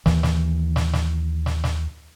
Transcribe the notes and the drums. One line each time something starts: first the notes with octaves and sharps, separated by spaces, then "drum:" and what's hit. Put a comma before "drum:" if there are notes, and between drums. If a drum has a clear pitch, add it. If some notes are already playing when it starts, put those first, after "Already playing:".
D#2 E3, drum: snare
drum: snare
drum: snare
drum: snare
drum: snare
drum: snare